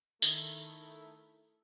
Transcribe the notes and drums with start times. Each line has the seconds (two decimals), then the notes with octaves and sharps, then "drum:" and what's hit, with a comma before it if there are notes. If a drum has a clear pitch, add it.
0.22 D#3 A3 E4 A4, drum: tambourine